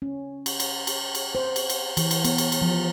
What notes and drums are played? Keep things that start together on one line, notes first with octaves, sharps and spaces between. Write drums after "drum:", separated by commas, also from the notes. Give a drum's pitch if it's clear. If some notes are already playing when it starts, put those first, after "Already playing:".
C#4
drum: cymbal
drum: cymbal
drum: cymbal
drum: cymbal
C5
drum: cymbal
drum: cymbal
E3, drum: cymbal
drum: cymbal
B3, drum: cymbal
drum: cymbal
drum: cymbal
F3